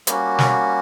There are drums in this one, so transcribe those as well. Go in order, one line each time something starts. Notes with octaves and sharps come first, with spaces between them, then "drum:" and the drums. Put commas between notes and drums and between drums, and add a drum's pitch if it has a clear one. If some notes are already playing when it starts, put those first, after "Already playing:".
G3 A#3 C#4 F#4, drum: hi-hat
drum: snare